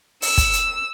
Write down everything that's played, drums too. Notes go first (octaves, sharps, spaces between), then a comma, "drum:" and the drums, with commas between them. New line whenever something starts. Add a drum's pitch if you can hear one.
E6, drum: open hi-hat
drum: kick, hi-hat
drum: hi-hat